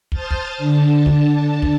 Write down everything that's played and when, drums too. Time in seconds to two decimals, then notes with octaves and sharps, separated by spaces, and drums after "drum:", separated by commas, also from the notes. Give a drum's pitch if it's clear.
0.12 C5 A5 D#6 F6 G6 A6, drum: kick
0.31 drum: kick
0.58 D3 D4 A5
1.06 drum: kick
1.62 drum: kick